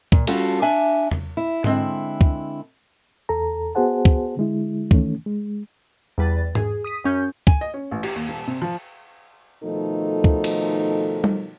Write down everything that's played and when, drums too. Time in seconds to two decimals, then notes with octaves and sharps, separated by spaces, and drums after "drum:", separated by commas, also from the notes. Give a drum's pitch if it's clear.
0.12 A#2, drum: kick
0.27 G3 C#4 F4 F#4 A4, drum: cymbal
0.62 D4 E5 G#5
1.11 drum: tom E2
1.37 E4
1.64 D3 G#3 C4 E4, drum: tom G#2
2.21 drum: kick
3.29 E2 A4 A#5
3.75 B3 F#4 G#4 C5 F#5 A5
4.05 drum: kick
4.37 D3 G#3 E4
4.91 D#3 E3 A3 C#4, drum: kick
5.26 G#3
6.18 E2 G3 B4 A6
6.55 G#4, drum: tom G#2
6.84 D#6 B6 D#7
7.04 F#2 C#4 G6
7.47 G#5, drum: kick
7.61 D#5
7.74 C#4
7.91 A1
8.03 G4, drum: cymbal
8.16 D#2
8.29 D#1
8.47 C3
8.62 F3
9.64 B2 D#3 F3 A3 D#4 A4
10.24 drum: kick
10.44 drum: cymbal
11.24 drum: tom G3